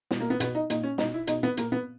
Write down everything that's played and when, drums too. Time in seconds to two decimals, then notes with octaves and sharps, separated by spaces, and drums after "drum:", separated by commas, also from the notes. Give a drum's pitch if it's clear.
0.11 B2, drum: snare
0.20 A#3
0.30 B3
0.40 B2 B3, drum: hi-hat
0.55 D#4
0.70 A#2 D#4, drum: hi-hat
0.83 C#4
0.98 B2 D#4, drum: snare
1.14 E4
1.27 B2 D#4, drum: hi-hat
1.43 B3
1.57 A#2 A#3, drum: hi-hat
1.72 B3